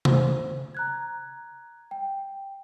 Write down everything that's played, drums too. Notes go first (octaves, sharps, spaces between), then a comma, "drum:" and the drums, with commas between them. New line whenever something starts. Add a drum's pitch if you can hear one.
C5, drum: tom C3
A#5 F#6 G#6
G5